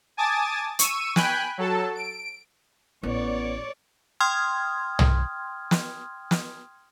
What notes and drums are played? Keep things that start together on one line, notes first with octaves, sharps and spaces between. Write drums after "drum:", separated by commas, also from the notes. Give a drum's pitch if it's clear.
G#5 A5 D6 D#6 A6
C#6 E6 D#7, drum: hi-hat
G5 G#5 B5 F#6, drum: snare
F#3 A4 A5
D7
A1 B3 C#5 D5
G5 C6 D#6 F6 G#6
drum: tom
drum: snare
drum: snare